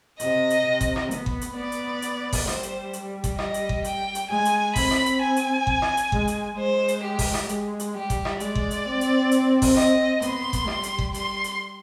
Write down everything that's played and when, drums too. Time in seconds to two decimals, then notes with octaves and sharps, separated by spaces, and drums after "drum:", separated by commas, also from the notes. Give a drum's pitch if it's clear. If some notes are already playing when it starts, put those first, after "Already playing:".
0.20 C3 D#5, drum: hi-hat
0.50 drum: hi-hat
0.65 C3
0.81 drum: kick G1, hi-hat
0.96 drum: rim click
1.11 B3, drum: hi-hat
1.26 drum: kick G1
1.41 drum: hi-hat
1.56 B3 D5
1.72 drum: hi-hat
2.02 drum: hi-hat
2.33 drum: kick G1, open hi-hat
2.48 G3 C5, drum: rim click
2.63 drum: hi-hat
2.93 drum: hi-hat
3.24 drum: kick G1, hi-hat
3.39 D#5, drum: rim click
3.54 drum: hi-hat
3.69 drum: kick G1
3.84 G5, drum: hi-hat
4.15 drum: hi-hat
4.30 G#3 G#5
4.45 drum: hi-hat
4.76 C4 B5, drum: kick G1, open hi-hat
4.91 drum: rim click
5.06 drum: hi-hat
5.21 G#5
5.36 drum: hi-hat
5.67 drum: kick G1
5.82 drum: rim click
5.97 drum: hi-hat
6.12 G#3, drum: kick G1
6.28 drum: hi-hat
6.58 G#3 C5
6.88 drum: hi-hat
7.04 G4
7.19 drum: kick G1, open hi-hat
7.34 drum: rim click
7.49 G#3, drum: hi-hat
7.79 drum: hi-hat
7.95 G3 G4
8.10 drum: kick G1, hi-hat
8.25 drum: rim click
8.40 G#3 D5, drum: hi-hat
8.55 drum: kick G1
8.71 drum: hi-hat
8.85 C4
9.01 drum: hi-hat
9.31 drum: hi-hat
9.62 drum: kick G1, open hi-hat
9.77 D#5, drum: rim click
10.22 B3 C6, drum: hi-hat
10.53 drum: kick G1, hi-hat
10.68 G3, drum: rim click
10.83 drum: hi-hat
10.99 drum: kick G1
11.14 C6, drum: hi-hat
11.44 drum: hi-hat